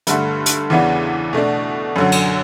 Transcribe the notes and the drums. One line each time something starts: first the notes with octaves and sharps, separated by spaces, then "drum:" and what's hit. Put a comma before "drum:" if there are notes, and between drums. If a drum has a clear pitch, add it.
G2 D3 A3, drum: hi-hat
drum: hi-hat
E2 C#3 E3 B3 D4
B2 A3 D4
F#2 D3 F#3
drum: cymbal